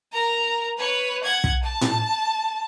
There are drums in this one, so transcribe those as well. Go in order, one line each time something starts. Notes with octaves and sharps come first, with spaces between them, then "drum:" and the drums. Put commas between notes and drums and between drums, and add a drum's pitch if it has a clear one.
A#4 A#5
B4 C#5
F#5 G#6
drum: kick
A5
drum: tom A2